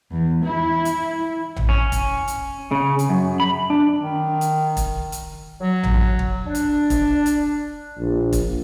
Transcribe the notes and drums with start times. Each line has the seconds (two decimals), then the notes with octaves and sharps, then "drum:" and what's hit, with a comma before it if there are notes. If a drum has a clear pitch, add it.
0.11 E2
0.44 E4
0.85 drum: hi-hat
1.56 drum: tom A1
1.69 C#4
1.92 drum: kick, hi-hat
2.28 drum: hi-hat
2.71 C#3
2.99 drum: hi-hat
3.10 F#2
3.40 B5
3.70 D4
3.99 D#3
4.41 drum: hi-hat
4.77 drum: kick, hi-hat
5.12 drum: hi-hat
5.60 F#3
5.83 drum: tom A1
6.19 drum: kick
6.46 D4
6.55 drum: hi-hat
6.90 drum: kick, hi-hat
7.26 drum: hi-hat
7.99 A#1
8.33 drum: kick, hi-hat